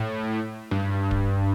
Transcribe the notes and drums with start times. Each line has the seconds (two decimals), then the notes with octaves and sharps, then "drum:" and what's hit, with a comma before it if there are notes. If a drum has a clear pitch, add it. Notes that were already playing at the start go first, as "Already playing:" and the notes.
Already playing: A2
0.71 G2
1.11 drum: kick D1